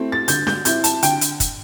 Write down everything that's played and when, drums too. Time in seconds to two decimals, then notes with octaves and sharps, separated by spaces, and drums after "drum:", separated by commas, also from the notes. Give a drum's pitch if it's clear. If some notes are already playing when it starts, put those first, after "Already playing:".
Already playing: A3 C4 E4
0.12 A6
0.28 D3 G6, drum: hi-hat
0.47 G6, drum: snare
0.65 C4 E4 G6, drum: hi-hat
0.84 A5, drum: hi-hat
1.02 D3 G5, drum: hi-hat
1.21 drum: hi-hat
1.40 drum: kick, hi-hat